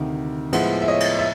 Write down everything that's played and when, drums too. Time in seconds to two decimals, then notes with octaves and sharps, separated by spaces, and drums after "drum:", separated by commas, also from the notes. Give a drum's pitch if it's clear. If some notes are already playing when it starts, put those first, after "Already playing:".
Already playing: D2 C3 D#3
0.53 A2 F3 G#3 B3 E5 F#5, drum: cymbal
0.82 E5
0.88 C#5 D#5
1.00 drum: cymbal
1.19 E5